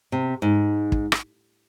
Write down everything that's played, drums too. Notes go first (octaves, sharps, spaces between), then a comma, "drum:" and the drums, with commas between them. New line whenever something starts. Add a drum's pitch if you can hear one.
C3
G#2
drum: kick
drum: rim click